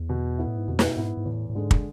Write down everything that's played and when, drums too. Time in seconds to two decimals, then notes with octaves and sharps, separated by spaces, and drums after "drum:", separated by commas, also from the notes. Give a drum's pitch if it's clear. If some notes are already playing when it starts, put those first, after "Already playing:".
Already playing: E2
0.09 B2
0.38 B3 E4
0.47 A2
0.57 G#2
0.68 F2 B2
0.79 drum: snare
0.97 G#2 B3 E4
1.17 G#2
1.25 E2 A2
1.50 A2
1.55 G#2 D3 G#3
1.71 drum: kick